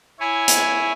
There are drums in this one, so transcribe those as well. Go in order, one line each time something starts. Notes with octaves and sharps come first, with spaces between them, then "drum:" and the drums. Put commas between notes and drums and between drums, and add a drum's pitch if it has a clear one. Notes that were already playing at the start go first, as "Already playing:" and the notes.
E4 C#5 G#5
drum: hi-hat